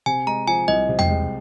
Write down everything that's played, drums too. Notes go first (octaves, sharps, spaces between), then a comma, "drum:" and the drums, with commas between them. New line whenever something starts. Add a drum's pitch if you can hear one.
C3 G#5
G#3 A#5
F3 G#5
C2 D#5
C3
G5, drum: tom E2
G#3